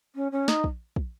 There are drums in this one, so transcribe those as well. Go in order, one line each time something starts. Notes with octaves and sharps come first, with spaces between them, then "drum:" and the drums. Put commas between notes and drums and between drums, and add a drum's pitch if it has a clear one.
C#4
C#4
D#4, drum: snare
drum: kick
drum: kick